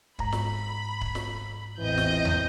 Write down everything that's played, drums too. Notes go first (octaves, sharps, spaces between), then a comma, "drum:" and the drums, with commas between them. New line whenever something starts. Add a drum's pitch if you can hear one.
G#2 A#5 B5, drum: kick
drum: snare
drum: kick
drum: snare
A1 E2 E3 C4 D#5 G6
drum: snare
drum: tom D#2